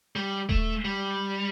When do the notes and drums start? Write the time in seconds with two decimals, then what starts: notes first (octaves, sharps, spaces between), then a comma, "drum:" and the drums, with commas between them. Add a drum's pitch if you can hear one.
0.16 G3
0.49 A3, drum: kick D#1
0.85 G3